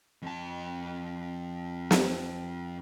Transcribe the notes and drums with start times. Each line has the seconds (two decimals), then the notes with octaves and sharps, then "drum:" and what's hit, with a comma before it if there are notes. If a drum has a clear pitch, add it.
0.22 F2 A5
1.91 drum: snare